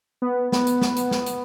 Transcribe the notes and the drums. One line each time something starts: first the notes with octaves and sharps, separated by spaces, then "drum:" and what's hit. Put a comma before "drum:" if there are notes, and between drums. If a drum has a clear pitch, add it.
B3
B3, drum: snare
drum: hi-hat
drum: snare
drum: hi-hat
drum: snare
drum: hi-hat